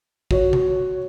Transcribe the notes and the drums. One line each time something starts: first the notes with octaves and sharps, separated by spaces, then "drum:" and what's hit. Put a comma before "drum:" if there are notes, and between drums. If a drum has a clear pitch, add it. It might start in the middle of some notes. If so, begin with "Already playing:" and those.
F#4 C#5, drum: kick
drum: tom C3